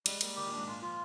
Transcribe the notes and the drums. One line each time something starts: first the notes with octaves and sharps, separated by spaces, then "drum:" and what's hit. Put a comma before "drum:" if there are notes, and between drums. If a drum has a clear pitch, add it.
G3 G#3, drum: cymbal
G3 A#3, drum: cymbal
D#3 G4
A#2
D4
G#2
A#2 F4
F3 F4